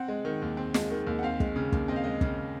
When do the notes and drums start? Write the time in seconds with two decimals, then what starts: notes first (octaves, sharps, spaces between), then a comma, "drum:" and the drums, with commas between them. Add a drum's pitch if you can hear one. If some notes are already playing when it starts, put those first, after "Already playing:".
Already playing: C4 F#5
0.08 G#3
0.25 D#3
0.42 D#2
0.57 C4
0.74 G#3, drum: snare
0.91 D#3
1.07 D#2
1.19 F#5
1.23 C4 F5
1.40 G#3, drum: kick
1.56 C#3
1.72 D#2, drum: kick
1.88 C4 D#5
1.96 F5
2.04 G#3 D#5
2.21 C#3, drum: kick